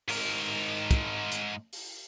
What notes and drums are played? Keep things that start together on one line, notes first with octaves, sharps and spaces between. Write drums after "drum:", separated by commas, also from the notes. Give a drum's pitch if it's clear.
G#2 A#4, drum: open hi-hat
drum: kick, hi-hat
drum: hi-hat
drum: open hi-hat